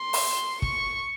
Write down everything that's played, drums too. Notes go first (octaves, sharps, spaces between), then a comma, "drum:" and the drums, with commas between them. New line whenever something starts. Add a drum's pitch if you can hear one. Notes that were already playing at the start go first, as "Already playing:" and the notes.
Already playing: C6
drum: open hi-hat
C#6, drum: kick